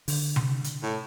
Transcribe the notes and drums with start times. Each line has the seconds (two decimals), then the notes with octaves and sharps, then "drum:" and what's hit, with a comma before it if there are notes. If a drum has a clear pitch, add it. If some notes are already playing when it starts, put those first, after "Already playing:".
0.08 D3, drum: open hi-hat
0.36 drum: tom C3
0.64 drum: hi-hat
0.83 A2